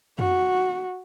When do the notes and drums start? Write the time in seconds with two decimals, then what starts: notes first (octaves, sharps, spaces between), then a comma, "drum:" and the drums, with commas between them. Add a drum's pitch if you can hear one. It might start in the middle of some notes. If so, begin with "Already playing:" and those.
0.19 F#4, drum: tom F2